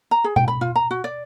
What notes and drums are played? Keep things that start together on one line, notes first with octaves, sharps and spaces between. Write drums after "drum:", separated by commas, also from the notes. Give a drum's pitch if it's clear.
A#5
G#4
G5, drum: tom B2
B5
F4
A#5
F#4
D5